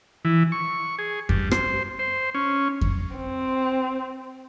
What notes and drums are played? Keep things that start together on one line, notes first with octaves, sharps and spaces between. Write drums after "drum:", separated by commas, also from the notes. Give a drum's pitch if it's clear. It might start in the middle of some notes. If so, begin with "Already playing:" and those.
E3
C#6
G#4
G2, drum: kick F2
C5, drum: rim click
C5
C#4
drum: kick F2
C4